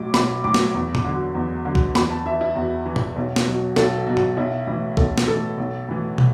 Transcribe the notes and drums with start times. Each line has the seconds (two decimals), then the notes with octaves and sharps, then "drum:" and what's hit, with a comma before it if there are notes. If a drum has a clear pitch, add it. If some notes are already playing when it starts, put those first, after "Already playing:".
Already playing: B1 A2 F#3 D6
0.14 B1 B5, drum: snare
0.44 A2 F#3 D6
0.54 drum: snare
0.74 E2
0.95 drum: tom G#2
1.05 D3 F#3
1.35 E2
1.65 D3 F#3
1.75 drum: kick
1.95 E2 B5, drum: snare
2.10 A5
2.26 E3 E5
2.41 E4
2.55 E2 F#4
2.86 E3
2.96 drum: tom G#2
3.16 B1
3.36 drum: snare
3.46 B2 F#3
3.76 B1 A4, drum: snare
4.07 B2 F#3 F#4
4.17 drum: tom G#2
4.37 B1 E4
4.67 A2 E3 E4
4.97 B1 A4, drum: kick
5.18 drum: snare
5.28 A2 E3 A4
5.58 B1
5.89 A2 E3
6.18 drum: tom